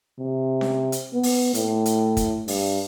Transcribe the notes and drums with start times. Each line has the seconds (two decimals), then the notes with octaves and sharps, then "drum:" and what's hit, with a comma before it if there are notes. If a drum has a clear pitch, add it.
0.19 C3
0.61 drum: snare C#4
0.92 drum: hi-hat
1.14 B3
1.23 drum: open hi-hat
1.54 A2, drum: hi-hat
1.86 drum: hi-hat
2.17 drum: kick, hi-hat
2.48 G2, drum: open hi-hat